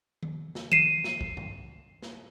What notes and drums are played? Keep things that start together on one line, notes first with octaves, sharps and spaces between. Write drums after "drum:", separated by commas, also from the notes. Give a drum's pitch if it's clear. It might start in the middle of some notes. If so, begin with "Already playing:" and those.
drum: tom D#3
drum: snare
C7 D#7 E7, drum: tom D#3
drum: snare
drum: kick
drum: tom G2
drum: snare